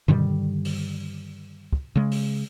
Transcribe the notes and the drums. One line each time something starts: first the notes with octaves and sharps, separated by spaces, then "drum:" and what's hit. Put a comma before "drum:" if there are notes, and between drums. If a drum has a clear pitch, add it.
G2 D3 D#3 G3, drum: tom B2
drum: open hi-hat
drum: kick
C#3 G#3
drum: open hi-hat